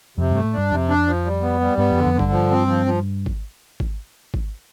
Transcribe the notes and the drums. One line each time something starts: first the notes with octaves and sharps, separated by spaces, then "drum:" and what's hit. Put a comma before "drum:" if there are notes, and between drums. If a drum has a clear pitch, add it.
F2 C3
G2 A3
A2
G2 D4
F2 C3
D4
F3
G3
B3
G3
G2 B3
F2
D3
F2
D3
G2, drum: kick G#1
F3
C4
F3
F3
drum: kick G#1
drum: kick G#1
drum: kick G#1